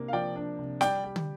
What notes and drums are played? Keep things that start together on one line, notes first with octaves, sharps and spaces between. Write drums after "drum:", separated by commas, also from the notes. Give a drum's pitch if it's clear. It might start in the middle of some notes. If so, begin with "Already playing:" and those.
Already playing: C3 A#3 D4
F5
F3 D5 G5
D4
C3
G3 D5 G5, drum: snare
G4
drum: tom